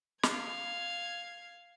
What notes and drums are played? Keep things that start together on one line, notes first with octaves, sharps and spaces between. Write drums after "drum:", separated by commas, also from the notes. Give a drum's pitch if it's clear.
F5 G#6, drum: snare